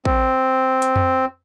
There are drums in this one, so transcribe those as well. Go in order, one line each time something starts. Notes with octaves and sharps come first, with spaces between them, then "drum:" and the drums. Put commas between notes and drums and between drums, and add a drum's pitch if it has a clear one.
C4, drum: kick
drum: hi-hat
drum: tom F2